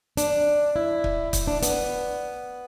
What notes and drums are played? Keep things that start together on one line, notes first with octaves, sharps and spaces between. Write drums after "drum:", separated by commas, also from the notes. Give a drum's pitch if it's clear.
D4, drum: hi-hat
E4
drum: kick
drum: kick, hi-hat
D4
B3, drum: hi-hat